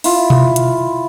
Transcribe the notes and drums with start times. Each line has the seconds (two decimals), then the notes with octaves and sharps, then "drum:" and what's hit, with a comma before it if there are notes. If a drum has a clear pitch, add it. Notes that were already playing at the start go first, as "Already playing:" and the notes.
0.04 E4 F4, drum: open hi-hat
0.30 drum: tom B2
0.56 drum: hi-hat